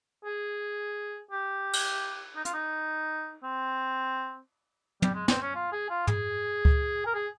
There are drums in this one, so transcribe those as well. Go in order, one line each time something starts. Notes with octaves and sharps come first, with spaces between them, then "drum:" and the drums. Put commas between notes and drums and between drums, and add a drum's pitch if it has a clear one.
G#4
G4
drum: cymbal
D#4
F4, drum: hi-hat
D#4
C4
G3, drum: tom
G#3
C4, drum: snare
C#4
F4
G#4
F4
G#4, drum: tom
drum: kick C#2
A#4
G#4